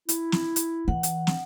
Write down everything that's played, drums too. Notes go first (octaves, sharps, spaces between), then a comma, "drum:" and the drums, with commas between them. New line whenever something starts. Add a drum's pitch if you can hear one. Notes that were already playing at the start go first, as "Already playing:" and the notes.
E4, drum: hi-hat
drum: snare
drum: hi-hat
E3 F#5
drum: hi-hat
drum: snare